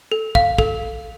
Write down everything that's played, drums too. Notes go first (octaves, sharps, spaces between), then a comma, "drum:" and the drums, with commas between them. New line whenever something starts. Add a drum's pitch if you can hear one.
A4
F5, drum: kick
A4, drum: kick